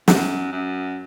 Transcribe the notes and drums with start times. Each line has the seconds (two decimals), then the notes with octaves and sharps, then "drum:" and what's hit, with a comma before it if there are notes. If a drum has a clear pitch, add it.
0.08 F#2, drum: snare
0.52 F#2